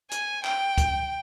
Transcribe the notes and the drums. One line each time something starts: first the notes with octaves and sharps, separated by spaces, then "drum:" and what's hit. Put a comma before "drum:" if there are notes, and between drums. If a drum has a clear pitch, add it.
G#5, drum: hi-hat
G5, drum: clap
drum: kick, hi-hat